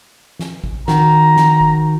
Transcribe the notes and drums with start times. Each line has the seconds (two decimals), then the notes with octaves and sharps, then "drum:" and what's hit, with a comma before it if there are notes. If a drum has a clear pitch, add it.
0.39 drum: snare
0.64 drum: kick G#1
0.88 D#3 F#4 A#5, drum: snare
1.36 drum: snare
1.61 drum: kick G#1